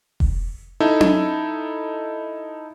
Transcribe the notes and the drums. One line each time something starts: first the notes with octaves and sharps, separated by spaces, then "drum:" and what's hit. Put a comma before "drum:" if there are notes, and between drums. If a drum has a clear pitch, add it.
drum: kick F1
D#4 E4 A4
drum: tom C#4